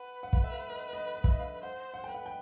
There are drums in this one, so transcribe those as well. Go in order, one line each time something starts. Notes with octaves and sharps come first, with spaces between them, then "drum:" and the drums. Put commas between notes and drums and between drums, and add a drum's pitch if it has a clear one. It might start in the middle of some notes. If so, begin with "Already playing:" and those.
Already playing: B4 F#5
F#5
F5, drum: kick
E5
F5
D#5
D#5
D#5
E5, drum: kick
D#5
F5
C5 F#5
F#5
G5
B4 F#5
G5